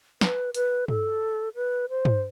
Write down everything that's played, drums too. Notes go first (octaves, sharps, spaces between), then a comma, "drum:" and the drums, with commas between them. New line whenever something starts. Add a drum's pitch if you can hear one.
B4, drum: snare
B4, drum: hi-hat
A4, drum: tom
B4
C5
drum: tom